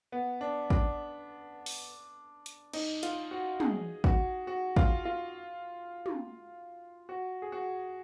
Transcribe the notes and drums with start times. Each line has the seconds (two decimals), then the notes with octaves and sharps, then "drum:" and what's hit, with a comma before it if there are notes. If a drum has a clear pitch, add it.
0.12 B3
0.41 D4
0.70 D4, drum: kick
1.66 drum: open hi-hat
2.46 drum: hi-hat
2.73 D#4, drum: cymbal
3.03 F4, drum: hi-hat
3.31 F#4
3.60 G#4, drum: tom
4.04 F#4, drum: kick
4.47 F#4
4.77 F4, drum: kick
5.05 F4
6.06 drum: tom
7.09 F#4
7.42 G#4
7.52 F#4